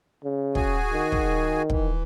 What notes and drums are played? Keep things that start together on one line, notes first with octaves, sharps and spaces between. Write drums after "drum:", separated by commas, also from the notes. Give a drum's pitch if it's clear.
C#3
F#4 G#4 G#5, drum: kick
D#3
drum: kick
E3, drum: kick